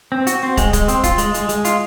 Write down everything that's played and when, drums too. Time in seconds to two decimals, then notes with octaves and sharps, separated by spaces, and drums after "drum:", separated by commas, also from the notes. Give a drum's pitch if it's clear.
0.12 C4
0.27 F#4, drum: hi-hat
0.43 C4
0.57 G#3, drum: kick, hi-hat
0.73 G#3, drum: kick, hi-hat
0.88 C4, drum: hi-hat
1.04 F4, drum: kick, hi-hat
1.18 G#3, drum: hi-hat
1.34 G#3, drum: hi-hat
1.49 G#3, drum: hi-hat
1.65 F4, drum: hi-hat